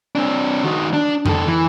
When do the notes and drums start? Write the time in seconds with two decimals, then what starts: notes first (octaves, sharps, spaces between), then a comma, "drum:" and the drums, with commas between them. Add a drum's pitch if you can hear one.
0.15 C4 D4
0.64 D#3 F#4
0.93 D4
1.26 D#3 A4, drum: tom F2
1.47 E3